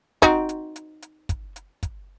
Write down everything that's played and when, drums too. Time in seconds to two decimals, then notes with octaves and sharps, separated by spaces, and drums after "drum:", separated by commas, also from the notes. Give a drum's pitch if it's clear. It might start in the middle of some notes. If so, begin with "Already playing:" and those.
0.22 C4 D#4 F#4, drum: kick, hi-hat
0.49 drum: hi-hat
0.76 drum: hi-hat
1.02 drum: hi-hat
1.29 drum: kick, hi-hat
1.56 drum: hi-hat
1.83 drum: kick, hi-hat